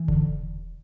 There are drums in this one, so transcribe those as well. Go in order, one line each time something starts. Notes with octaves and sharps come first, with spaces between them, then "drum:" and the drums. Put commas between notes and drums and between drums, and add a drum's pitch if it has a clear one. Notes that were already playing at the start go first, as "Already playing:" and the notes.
Already playing: E3
D3, drum: kick E1